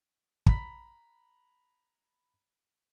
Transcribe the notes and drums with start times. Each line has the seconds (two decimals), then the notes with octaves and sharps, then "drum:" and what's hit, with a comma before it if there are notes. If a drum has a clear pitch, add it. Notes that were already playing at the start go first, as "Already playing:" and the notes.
0.46 A#5 B5 B6, drum: kick